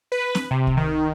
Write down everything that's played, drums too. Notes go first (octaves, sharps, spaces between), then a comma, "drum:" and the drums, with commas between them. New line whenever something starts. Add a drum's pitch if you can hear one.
B4
drum: snare C4
C3
drum: kick C2
D#3